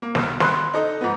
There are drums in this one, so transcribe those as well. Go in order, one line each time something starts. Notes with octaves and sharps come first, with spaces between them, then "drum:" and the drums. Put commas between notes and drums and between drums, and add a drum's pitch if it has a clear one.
A#3
B1, drum: snare
B5 C6 F#6, drum: snare
D#4 A4 D#5
G#2 F3 B3